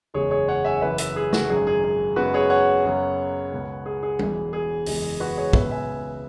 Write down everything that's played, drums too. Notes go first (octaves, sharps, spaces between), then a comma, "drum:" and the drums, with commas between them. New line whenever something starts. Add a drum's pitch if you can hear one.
F#1 E2 C#3 G#3 G#4 C#5
G#4 C#5
C#5 F#5
E5 G#5
F#1 F#2 E3 B4 E5
B4 E5, drum: hi-hat
G#4
F#4, drum: snare
G#1 F#2 C#3 F#3 G#4
G#4
G#4
F#2 C#3 G#3 B3 F#4 B4
G#4 C#5
C#5 F#5
F#2 C#3 F#3 B3
C#2 B2 B3
G#4
G#4
E1 E2 E3, drum: tom G3
G#4
F#1 E2 E3 G#3, drum: open hi-hat
F#4 B4
G#4 C#5
C#2 B2 B3 B4 E5, drum: kick A#1
E5 G#5